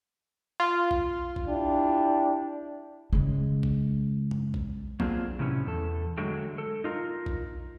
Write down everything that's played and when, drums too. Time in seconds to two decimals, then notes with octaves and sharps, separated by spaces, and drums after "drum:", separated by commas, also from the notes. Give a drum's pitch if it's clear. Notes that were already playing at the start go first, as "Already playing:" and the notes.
0.60 F4
0.91 drum: kick A#1
1.36 drum: kick A#1
1.48 D4 E4 G4
3.13 C#3 G#3
3.63 drum: kick A#1
4.31 drum: tom F#2
4.54 drum: kick A#1
5.00 F#3 A#3 C4 D4 F4 G#4, drum: kick A#1
5.39 A2 C3 E3 B3 C#4
5.66 E2 A4
6.17 D3 F#3 G#3 A3 F#4 G5
6.58 A4
6.84 D#4 F4 A#4
7.26 drum: kick A#1